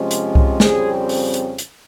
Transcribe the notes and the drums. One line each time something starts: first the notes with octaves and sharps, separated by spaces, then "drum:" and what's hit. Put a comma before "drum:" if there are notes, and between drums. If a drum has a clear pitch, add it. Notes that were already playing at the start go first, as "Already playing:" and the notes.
Already playing: C3 F3 G#3 C#4
drum: hi-hat
drum: kick C2
F2 C#3 G3 C4 G#4, drum: snare
drum: open hi-hat
drum: hi-hat
drum: hi-hat